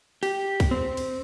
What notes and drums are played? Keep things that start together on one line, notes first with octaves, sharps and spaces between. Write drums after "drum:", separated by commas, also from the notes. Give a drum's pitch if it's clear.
G4, drum: cymbal
drum: kick, cymbal
C4
drum: cymbal